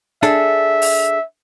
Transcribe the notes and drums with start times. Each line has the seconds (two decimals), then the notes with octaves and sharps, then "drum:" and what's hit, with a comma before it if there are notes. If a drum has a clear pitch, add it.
0.23 D4 G#4 A4 E5, drum: hi-hat
0.82 drum: open hi-hat